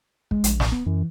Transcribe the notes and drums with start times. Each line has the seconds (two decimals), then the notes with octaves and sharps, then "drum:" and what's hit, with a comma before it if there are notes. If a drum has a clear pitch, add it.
0.31 G#3, drum: kick
0.44 A#1, drum: hi-hat
0.60 A#2, drum: snare
0.72 B3
0.86 F#2 E3